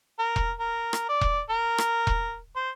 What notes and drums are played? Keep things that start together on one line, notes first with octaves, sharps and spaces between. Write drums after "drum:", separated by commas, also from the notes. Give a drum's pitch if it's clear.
A#4
drum: kick E1
A#4
drum: rim click
D5
drum: kick E1
A#4
drum: rim click
drum: kick E1
C5